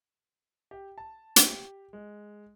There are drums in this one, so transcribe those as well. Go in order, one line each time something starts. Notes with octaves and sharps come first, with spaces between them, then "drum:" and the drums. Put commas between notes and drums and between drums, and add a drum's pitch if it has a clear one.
G4
A5
drum: hi-hat
G4
G#3